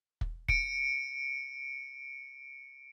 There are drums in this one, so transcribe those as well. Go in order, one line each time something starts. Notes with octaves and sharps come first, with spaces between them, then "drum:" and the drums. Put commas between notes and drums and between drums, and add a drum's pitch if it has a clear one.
drum: kick
C#7 D7, drum: kick